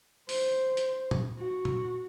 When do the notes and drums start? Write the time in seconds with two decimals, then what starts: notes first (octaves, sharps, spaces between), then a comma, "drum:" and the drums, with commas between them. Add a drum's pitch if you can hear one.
0.29 C5, drum: open hi-hat
0.77 drum: hi-hat
1.11 drum: tom A#2
1.38 F#4
1.65 drum: tom A#2